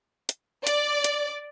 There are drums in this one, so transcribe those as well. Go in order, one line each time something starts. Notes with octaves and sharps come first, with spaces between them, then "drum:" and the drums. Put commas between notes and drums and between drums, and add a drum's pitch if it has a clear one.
drum: hi-hat
D5, drum: hi-hat
drum: hi-hat